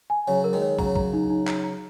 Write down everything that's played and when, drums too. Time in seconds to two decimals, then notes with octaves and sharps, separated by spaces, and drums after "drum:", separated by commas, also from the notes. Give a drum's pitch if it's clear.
0.10 G#5
0.28 C#3 F#3 C#5
0.44 A#4
0.53 D#3 G#3
0.62 C#5
0.79 C#3 F#3 A#5, drum: kick
0.96 A#5, drum: kick
1.13 D#4
1.30 D#4
1.47 A#5, drum: clap
1.64 A#5